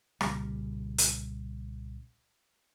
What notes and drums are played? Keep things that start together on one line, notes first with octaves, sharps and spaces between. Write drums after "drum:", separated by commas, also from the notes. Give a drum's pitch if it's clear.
C2 A#2 C#3 G3, drum: rim click
drum: hi-hat